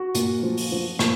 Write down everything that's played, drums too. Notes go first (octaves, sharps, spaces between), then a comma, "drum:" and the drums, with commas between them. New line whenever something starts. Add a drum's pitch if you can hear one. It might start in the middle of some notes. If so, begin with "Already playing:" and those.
Already playing: F#4
A#2, drum: hi-hat
F3
drum: open hi-hat
F3
A#2, drum: rim click